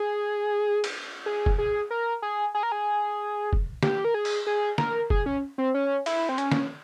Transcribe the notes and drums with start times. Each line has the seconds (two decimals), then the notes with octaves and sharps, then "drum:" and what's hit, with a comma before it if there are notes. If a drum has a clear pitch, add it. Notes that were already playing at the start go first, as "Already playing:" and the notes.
Already playing: G#4
0.84 drum: cymbal
1.26 G#4
1.46 drum: kick
1.58 G#4
1.91 A#4
2.22 G#4
2.55 G#4
2.63 A#4
2.72 G#4
3.53 drum: kick
3.83 G4, drum: snare
4.05 A#4
4.14 G#4
4.25 drum: cymbal
4.47 G#4
4.78 A#4, drum: snare
5.10 G#4, drum: kick
5.26 C#4
5.58 C4
5.74 C#4
6.06 E4, drum: cymbal
6.29 C4
6.38 C#4, drum: hi-hat
6.52 drum: snare